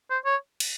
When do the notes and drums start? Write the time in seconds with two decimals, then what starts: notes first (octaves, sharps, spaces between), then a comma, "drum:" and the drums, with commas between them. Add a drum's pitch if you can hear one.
0.10 C5
0.25 C#5
0.60 drum: cymbal